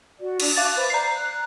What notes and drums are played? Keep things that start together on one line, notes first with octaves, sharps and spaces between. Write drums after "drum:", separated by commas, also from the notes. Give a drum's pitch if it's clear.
F#4 D5
D4, drum: cymbal
E5 F5 A5 D6 F#6 A6
B4 C5
D5 A#5 C7
F#6